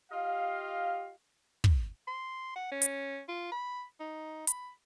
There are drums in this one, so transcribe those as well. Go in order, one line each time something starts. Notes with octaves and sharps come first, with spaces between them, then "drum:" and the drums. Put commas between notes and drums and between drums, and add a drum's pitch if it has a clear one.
F4 G4 D#5 F5
drum: kick
C6
F#5
C#4
drum: hi-hat
F4
B5
D#4
B5, drum: hi-hat